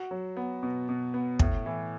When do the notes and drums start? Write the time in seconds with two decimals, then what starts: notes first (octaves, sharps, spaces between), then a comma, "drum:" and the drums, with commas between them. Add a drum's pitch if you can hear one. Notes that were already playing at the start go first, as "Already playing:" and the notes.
Already playing: F#4
0.11 F#3
0.37 B3
0.63 B2
0.89 B2
1.14 B3
1.39 A2, drum: kick
1.66 E3